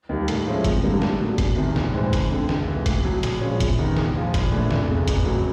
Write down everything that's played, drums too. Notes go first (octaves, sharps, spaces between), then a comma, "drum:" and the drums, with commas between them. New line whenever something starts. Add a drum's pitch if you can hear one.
D#2 D#3 G3
A2, drum: hi-hat
F3 G#3 C#4 E4
G#1, drum: kick, hi-hat
G2 D3 G3 A#3
A2, drum: snare
F#3 A3 D4
E1, drum: kick, hi-hat
E2 C3 D#3
A#1, drum: snare
G#2 E3 A3 C4
G1, drum: kick, hi-hat
F2 D3
C#2, drum: snare
C3 E3
A2, drum: kick, hi-hat
F#3 A3
A#1, drum: hi-hat
A#2 F3 G#3 C#4
E2, drum: kick, hi-hat
C3 D#3 G#3 B3
A#1, drum: snare
A#2 F3
A#1, drum: kick, hi-hat
A2 E3 A3 D4
F1, drum: snare
E2 C#3
A1, drum: kick, hi-hat
A2 F#3